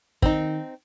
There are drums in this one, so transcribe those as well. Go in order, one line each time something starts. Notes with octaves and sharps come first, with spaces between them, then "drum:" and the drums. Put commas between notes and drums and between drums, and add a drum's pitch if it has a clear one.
D#3 C4 D#4, drum: kick